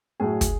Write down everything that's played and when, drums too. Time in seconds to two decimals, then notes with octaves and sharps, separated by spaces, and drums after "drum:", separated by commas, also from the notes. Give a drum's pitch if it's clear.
0.20 A2 F#3 G#4
0.41 drum: kick, hi-hat